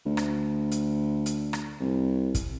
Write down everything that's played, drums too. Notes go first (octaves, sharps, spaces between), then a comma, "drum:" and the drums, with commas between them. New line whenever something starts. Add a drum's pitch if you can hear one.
D2
drum: rim click
drum: hi-hat
drum: hi-hat
drum: rim click
C2
drum: kick, hi-hat